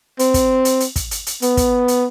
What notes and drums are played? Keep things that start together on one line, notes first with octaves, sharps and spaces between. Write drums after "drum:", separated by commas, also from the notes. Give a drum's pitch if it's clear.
C4, drum: hi-hat
drum: kick, hi-hat
drum: hi-hat
drum: hi-hat
drum: kick, hi-hat
drum: hi-hat
drum: hi-hat
B3, drum: hi-hat
drum: kick, hi-hat
drum: hi-hat